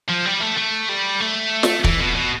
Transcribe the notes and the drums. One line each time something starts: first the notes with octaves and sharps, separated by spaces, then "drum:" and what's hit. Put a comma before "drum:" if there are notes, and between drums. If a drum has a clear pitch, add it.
F3
G3
A3
A3
G3
A3
drum: snare
E3, drum: kick
B2
B2